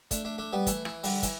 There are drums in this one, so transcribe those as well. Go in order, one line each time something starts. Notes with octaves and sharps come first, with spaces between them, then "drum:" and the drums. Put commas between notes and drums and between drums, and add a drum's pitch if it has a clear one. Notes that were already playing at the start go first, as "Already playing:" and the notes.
A3 D4, drum: kick, hi-hat
A3 D4
A3 D4
G3 B3
E3 A3, drum: kick, hi-hat
E3, drum: rim click
D3 G3, drum: open hi-hat
E3, drum: kick, hi-hat